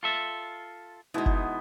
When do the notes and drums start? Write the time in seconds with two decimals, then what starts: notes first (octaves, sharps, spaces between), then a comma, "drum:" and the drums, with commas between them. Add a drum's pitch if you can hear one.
0.03 F4 A4 E5
1.14 B2 G#3 B3 D#4 E4
1.26 drum: kick F#1